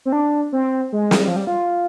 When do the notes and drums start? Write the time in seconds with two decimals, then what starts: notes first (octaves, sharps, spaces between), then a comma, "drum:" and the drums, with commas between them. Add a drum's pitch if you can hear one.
0.05 C4
0.12 D4
0.52 C4
0.93 G#3
1.11 drum: snare
1.20 G3
1.28 F3
1.36 G3
1.47 F4